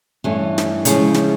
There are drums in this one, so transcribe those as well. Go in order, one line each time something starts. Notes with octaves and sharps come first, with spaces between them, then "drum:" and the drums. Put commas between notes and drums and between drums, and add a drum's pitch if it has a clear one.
G2 E3 A3 C#4
drum: snare
C#3 F3 G#3 C#4 E4, drum: hi-hat
drum: snare